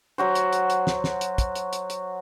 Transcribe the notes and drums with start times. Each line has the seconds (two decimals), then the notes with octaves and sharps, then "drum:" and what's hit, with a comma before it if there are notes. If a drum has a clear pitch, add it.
0.18 F#3 F#4 C5
0.35 drum: hi-hat
0.53 drum: hi-hat
0.70 drum: hi-hat
0.87 drum: snare
1.04 drum: snare
1.21 drum: hi-hat
1.38 drum: kick, hi-hat
1.55 drum: hi-hat
1.73 drum: hi-hat
1.90 drum: hi-hat